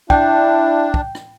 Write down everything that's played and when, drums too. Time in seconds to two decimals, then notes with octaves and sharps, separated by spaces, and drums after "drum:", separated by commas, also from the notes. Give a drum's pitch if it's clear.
0.10 D4 E4 G5, drum: kick
0.94 drum: kick
1.15 drum: rim click